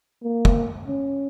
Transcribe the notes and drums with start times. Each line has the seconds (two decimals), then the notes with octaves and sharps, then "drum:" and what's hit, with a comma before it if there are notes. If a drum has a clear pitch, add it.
0.23 A#3
0.45 drum: kick
0.88 C#4